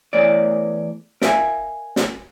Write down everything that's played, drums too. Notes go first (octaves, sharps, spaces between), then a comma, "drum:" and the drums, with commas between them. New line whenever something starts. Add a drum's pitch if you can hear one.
E2 E3 A3 C#5 D5
A#4 E5 F5 G#5, drum: snare
drum: snare